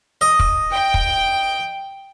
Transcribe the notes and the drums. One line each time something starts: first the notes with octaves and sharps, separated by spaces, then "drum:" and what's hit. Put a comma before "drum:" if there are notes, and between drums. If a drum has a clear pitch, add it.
D#5
drum: kick
G5
drum: kick